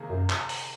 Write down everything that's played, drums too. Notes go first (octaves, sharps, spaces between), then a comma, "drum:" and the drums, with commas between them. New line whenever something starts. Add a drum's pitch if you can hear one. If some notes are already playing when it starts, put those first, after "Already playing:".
Already playing: C3 D#3 A#3 G#4
F#2
drum: clap
drum: open hi-hat